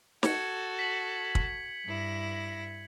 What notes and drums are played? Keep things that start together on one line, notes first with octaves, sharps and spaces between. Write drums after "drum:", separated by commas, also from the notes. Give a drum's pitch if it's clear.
F#4 A4 G#6 C#7, drum: snare
B6 F#7
drum: kick
G2 E4 A#6